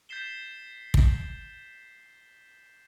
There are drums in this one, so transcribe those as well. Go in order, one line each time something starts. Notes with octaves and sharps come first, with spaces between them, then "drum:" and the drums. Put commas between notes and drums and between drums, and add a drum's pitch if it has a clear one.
G6 A6 B6 C7 E7 G7
drum: kick